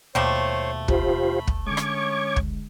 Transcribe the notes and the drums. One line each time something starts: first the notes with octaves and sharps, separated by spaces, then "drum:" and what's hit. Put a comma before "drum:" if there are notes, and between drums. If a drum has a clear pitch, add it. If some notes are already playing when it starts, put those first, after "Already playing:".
D#2 B2 F3 G3 A3 C5 C#5
F4 G4 C5 B5, drum: kick
drum: kick
D3 G#3 C#4 C#5 C#6 D6 G#6
drum: rim click
drum: kick